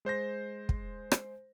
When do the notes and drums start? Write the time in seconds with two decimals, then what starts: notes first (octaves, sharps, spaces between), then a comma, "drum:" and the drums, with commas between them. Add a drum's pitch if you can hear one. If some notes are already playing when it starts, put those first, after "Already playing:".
0.05 G#3 C5 G6 A#6
0.69 drum: kick
1.11 drum: rim click